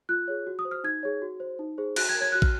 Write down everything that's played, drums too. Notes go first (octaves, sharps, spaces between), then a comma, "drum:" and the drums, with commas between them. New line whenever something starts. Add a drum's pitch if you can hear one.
F4 F#6
G#4 C#5
F#4
D#6
C5
F6
D#4 G#6
G#4 C#5
F#4
C5
D#4
G#4 C5
F#4 F#6, drum: cymbal
G#6
A#4
C#5 G#6
F#4 F#6
F6, drum: kick